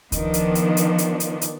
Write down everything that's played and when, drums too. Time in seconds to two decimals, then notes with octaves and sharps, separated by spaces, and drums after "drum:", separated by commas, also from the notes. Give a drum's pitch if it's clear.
0.12 D#3 F3 B3 D4, drum: kick C#2, hi-hat
0.34 drum: hi-hat
0.55 drum: hi-hat
0.77 drum: hi-hat
0.98 drum: hi-hat
1.20 drum: hi-hat
1.41 drum: hi-hat